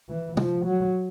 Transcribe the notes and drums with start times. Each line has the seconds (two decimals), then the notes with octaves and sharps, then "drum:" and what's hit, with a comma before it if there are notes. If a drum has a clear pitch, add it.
0.09 E3
0.37 F3, drum: tom
0.65 F#3